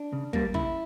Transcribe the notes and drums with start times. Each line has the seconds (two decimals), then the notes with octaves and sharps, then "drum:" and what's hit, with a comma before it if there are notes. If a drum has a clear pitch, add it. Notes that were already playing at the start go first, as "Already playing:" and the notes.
Already playing: D4
0.13 C#3
0.33 G3 A#3, drum: kick
0.54 C#3 E4, drum: kick